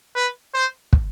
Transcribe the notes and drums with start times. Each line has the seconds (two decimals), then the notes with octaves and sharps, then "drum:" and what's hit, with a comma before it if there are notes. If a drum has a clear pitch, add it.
0.16 B4
0.54 C5
0.93 drum: kick